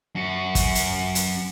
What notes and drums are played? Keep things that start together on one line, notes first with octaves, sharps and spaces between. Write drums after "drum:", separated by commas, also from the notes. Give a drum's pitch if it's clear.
F#2 F#4
drum: kick, hi-hat
drum: hi-hat
drum: hi-hat